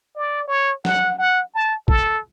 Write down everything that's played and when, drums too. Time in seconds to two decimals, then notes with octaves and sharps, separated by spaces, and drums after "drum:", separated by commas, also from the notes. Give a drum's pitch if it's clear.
0.16 D5
0.48 C#5
0.85 F#5, drum: snare
1.19 F#5
1.55 A5
1.88 A4, drum: kick